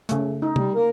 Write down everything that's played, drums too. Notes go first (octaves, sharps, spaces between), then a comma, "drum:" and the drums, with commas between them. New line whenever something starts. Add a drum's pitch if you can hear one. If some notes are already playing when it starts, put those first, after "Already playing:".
C#3 A3, drum: hi-hat
D#4
G3, drum: tom
A#3 A#4